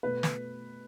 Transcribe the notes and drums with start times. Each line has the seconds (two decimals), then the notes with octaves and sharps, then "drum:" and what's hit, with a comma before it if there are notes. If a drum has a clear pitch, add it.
0.03 B2 A3 B4
0.23 drum: snare